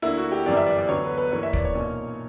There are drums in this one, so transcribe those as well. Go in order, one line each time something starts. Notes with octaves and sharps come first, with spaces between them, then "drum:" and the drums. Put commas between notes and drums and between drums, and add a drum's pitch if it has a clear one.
D2 D3 A#3 E4
F#4
G4
G1 F#2 E3 G3 D5
E5
D5
D5
D2 D3 F#3 B3 C#5
B4
B4
G2 E3 A#3 C#5
E5
D5, drum: kick
C#5
B1 A#2 A#3 C#4